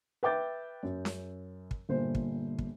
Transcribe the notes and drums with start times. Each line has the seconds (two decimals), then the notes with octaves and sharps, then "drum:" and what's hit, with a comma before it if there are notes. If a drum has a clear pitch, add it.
0.23 B4 E5 G5 D6 G6 A6
0.83 F#2
1.05 drum: snare C#4
1.71 drum: kick
1.89 G1 A#2 C5
2.15 drum: kick
2.59 drum: kick